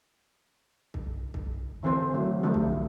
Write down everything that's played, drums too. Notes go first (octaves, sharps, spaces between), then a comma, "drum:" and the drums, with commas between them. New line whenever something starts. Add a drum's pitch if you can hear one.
drum: kick C2
drum: kick C2
D3 E3 C4 A4 C5
D3 E3 F#3 A3 E4
D3 F3 G3 A3 D4 A4
drum: kick C2